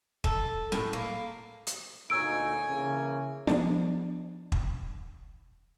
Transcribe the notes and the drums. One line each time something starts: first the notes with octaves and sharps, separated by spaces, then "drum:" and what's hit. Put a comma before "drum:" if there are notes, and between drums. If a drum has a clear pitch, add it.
A4, drum: kick
A2, drum: snare
A#3
drum: hi-hat
D2 A#2 D#4 C#5 G#5 E6 D7
C#3 E3 A#3
F3 B3 D4, drum: snare
drum: kick